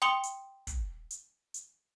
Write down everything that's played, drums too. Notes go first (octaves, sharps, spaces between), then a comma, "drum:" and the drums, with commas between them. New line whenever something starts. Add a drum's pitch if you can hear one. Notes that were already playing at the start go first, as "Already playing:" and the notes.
G5 C6 D#6 C#7 F7 G7
drum: hi-hat
drum: kick, hi-hat
drum: hi-hat
drum: hi-hat